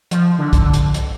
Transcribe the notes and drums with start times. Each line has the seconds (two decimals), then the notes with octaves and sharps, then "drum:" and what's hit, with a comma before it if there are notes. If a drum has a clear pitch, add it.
0.11 F3, drum: hi-hat
0.39 D3
0.53 drum: kick, hi-hat
0.62 D3
0.74 drum: hi-hat
0.94 drum: hi-hat